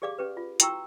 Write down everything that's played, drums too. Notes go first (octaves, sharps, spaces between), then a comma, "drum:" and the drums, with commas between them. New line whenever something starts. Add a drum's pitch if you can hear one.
G4 G#4 D5 F5 D6
C#4 G4 B4
F4
E4 F#4 G5 A#5 C#6 E6, drum: hi-hat